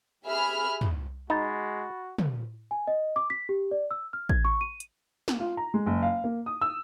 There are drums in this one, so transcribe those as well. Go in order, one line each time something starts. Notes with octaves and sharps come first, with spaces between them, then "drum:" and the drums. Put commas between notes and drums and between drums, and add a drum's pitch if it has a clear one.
G4 G#4 E5 B5 F6
drum: tom
G#3 D#4 F#4 B5 A6
drum: tom
G#5
D#5
D6
B6
G4
D5
E6
F6
G#6, drum: kick A1
C#6
D#7
drum: hi-hat
drum: snare
F4
A#5
G#3
F#1
F5
A#3
D#6
E6